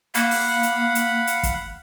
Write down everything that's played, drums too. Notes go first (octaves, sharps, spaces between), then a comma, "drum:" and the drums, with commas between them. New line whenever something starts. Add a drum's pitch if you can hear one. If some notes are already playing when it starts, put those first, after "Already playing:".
A#3 F5 F#5 B5, drum: hi-hat
drum: open hi-hat
drum: hi-hat
drum: hi-hat
drum: hi-hat
drum: kick, hi-hat